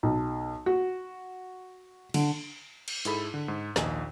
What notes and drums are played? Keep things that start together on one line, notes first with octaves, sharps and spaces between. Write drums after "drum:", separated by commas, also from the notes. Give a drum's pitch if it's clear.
B1
F#4
D3, drum: cymbal
drum: cymbal
G#2 E4 G#4 A4 B5 B6, drum: hi-hat
D3
G#2
A#1 D#2 D#5 G#5, drum: snare